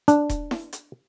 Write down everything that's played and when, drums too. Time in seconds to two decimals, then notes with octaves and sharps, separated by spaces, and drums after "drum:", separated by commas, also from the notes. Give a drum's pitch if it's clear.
0.08 D4, drum: hi-hat
0.29 drum: kick D#1, hi-hat
0.51 drum: snare E4
0.73 drum: hi-hat